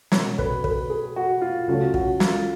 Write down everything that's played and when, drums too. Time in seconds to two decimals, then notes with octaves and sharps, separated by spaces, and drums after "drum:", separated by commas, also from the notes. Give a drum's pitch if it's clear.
0.12 B2 F#3 C#4 C#5, drum: snare
0.38 B4, drum: kick
0.64 B4, drum: kick
0.90 G#4
1.16 F#4
1.41 F4
1.67 C#2 C#3 F#3 A3 C#4 F4
1.94 F#4, drum: kick
2.20 F4, drum: snare